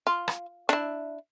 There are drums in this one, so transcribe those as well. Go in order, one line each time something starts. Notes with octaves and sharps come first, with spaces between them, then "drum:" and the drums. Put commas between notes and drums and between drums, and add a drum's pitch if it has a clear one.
F4
drum: rim click
D4 E4, drum: snare